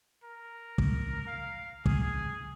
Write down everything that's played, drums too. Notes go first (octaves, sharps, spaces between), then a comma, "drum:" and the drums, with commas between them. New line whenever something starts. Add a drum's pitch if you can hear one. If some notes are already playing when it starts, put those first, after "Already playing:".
A#4
drum: kick
F5
G#4, drum: kick